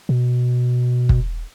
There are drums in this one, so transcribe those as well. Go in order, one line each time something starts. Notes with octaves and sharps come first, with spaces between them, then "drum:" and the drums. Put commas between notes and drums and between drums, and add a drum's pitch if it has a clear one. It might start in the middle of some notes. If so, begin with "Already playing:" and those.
B2
drum: kick